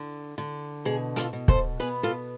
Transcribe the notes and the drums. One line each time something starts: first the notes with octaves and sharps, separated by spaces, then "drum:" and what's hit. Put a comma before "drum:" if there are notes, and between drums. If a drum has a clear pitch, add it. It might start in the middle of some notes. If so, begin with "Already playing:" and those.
Already playing: D3
D3
B2 G#4
F4 A4, drum: hi-hat
B2
A4 C5, drum: kick
B3 G#4 B4
F4 A4